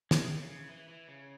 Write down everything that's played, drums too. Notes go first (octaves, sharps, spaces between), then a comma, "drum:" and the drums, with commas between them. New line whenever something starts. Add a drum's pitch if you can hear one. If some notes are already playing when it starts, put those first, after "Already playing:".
G#3, drum: snare
E3
C#3
C#3
E3
E3
C#3